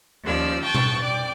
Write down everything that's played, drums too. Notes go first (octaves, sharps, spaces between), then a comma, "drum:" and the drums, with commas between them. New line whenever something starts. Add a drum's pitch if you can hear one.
D#2 F3 C#4 D5 E6
G5 A5 C#6 F#6 A6
drum: tom B2
D5 G5 D6